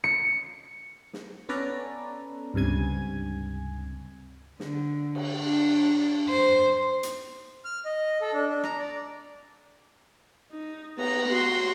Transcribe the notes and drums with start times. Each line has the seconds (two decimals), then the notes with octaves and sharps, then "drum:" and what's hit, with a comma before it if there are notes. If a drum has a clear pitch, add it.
0.04 C#7
1.13 drum: snare
1.49 B3 C#4 A4 B4 D5 A#5
2.54 C#2 G2 C3 G#5 G#6
4.60 D3, drum: snare
5.15 drum: cymbal
5.42 D4
6.29 C5
7.03 drum: hi-hat
7.65 F6
7.85 D#5
8.21 A4
8.33 D4
8.48 D4
8.64 A#5, drum: rim click
8.79 D5
10.52 D#4
10.98 B3 A#5, drum: cymbal
11.29 F#4 C6